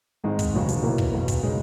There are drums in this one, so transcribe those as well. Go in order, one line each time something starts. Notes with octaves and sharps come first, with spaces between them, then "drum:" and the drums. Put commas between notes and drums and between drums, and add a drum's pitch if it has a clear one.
G#1 G#2 D#3 G#3 D#4
drum: kick, hi-hat
E1 D#2 C#3 F#3
drum: hi-hat
B2 A#3 E4 A#4
drum: kick
B1 B2 F#3
drum: kick, hi-hat
C#3 G#3 D#4